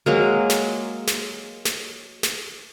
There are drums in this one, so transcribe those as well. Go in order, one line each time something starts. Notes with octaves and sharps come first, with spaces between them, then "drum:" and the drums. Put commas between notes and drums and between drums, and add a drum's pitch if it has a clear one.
F#3 G#3 A#3
drum: snare
drum: snare
drum: snare
drum: snare